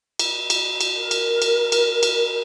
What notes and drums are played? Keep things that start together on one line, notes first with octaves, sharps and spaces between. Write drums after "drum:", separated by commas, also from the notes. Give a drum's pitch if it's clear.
drum: cymbal
drum: cymbal
drum: cymbal
A#4
drum: cymbal
drum: cymbal
drum: cymbal
drum: cymbal